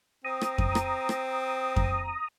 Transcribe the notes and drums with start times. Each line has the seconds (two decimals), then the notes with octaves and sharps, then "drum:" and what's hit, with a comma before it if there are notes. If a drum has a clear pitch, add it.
0.25 C4 A#5 D#6
0.41 drum: rim click
0.58 drum: kick F2
0.75 drum: rim click
1.09 drum: rim click
1.76 drum: kick F2